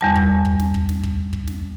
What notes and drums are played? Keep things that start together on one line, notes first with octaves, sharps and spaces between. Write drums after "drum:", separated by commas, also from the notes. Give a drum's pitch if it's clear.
E2 G3 A5
drum: kick
drum: kick
drum: snare
drum: kick
drum: snare
drum: kick
drum: kick
drum: snare